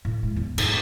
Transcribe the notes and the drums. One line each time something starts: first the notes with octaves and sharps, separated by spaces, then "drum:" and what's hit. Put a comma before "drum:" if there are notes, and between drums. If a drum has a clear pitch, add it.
A2
G#3
E2
G#2, drum: cymbal